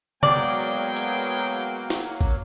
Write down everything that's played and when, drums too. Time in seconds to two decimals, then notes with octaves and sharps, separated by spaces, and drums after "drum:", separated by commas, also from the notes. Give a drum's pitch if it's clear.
0.23 B2 F#3 G#3 A#3 D5 G5, drum: tom C3
0.97 drum: hi-hat
1.90 drum: snare
2.21 drum: kick